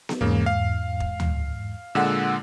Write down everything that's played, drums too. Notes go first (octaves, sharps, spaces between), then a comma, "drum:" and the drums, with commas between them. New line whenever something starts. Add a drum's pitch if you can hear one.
drum: snare B3
E2 G#2 C#3 A#3
F5
drum: kick
drum: tom D2
A#2 D3 G#3 F#5 E6